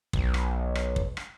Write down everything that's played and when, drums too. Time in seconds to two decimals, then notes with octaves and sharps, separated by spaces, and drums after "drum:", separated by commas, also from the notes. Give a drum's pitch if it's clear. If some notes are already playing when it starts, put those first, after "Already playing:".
0.13 B1, drum: kick
0.34 drum: rim click
0.75 drum: rim click
0.96 drum: kick
1.17 drum: rim click